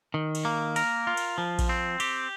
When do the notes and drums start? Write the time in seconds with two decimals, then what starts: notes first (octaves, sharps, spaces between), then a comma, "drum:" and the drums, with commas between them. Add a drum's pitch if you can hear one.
0.14 D#3
0.35 drum: cymbal
0.45 A#3
0.76 A#4, drum: cymbal
1.07 F4
1.17 drum: cymbal
1.38 F3
1.59 drum: kick A#1, cymbal
1.69 C4
2.00 G4, drum: cymbal